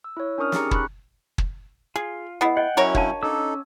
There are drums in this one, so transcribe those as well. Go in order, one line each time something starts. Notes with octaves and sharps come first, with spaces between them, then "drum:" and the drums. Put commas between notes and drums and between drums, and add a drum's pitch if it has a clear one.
E6
E4 C#5
C#4 D4 A#4 C#6 D#6 F6
C#4 D#4 G4 G#4 A#5 C#7, drum: snare
B5 C#6 F#6, drum: kick
drum: kick
F4 G#4
B3 E4 D#5 F#5
D#5 F#5 G5
F#3 C#4 E4 F#4 A#4 C#5
D4 F5 A5, drum: kick
C#4 D#4 A4 D6 E6